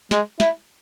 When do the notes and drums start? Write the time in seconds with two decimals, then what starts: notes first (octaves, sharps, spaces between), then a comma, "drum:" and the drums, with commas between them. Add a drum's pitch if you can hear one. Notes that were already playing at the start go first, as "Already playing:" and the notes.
0.11 G#3, drum: snare
0.40 E4, drum: snare